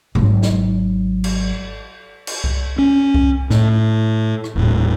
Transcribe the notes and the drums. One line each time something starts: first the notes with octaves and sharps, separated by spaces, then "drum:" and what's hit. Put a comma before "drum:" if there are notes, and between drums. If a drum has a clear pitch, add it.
G#1 F#3, drum: tom B2
drum: snare
drum: cymbal
drum: cymbal
drum: kick C2
C#4
drum: kick C2
A2, drum: snare
drum: rim click
D#1 A2